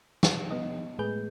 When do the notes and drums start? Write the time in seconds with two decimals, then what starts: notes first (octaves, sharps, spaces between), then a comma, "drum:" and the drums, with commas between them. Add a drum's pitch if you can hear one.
0.23 D#4, drum: snare
0.51 B3 D#5
0.99 A2 G#3 A3 G#4 B4 G6